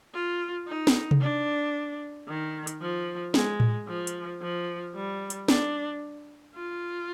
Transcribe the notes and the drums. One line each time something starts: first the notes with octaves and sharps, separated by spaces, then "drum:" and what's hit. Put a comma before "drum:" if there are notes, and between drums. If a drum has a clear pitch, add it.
F4
D#4
drum: snare
drum: tom C3
D4
D#3
drum: hi-hat
F3
G#3, drum: snare
drum: tom A2
F3
drum: hi-hat
F3
G3
drum: hi-hat
D4, drum: snare
F4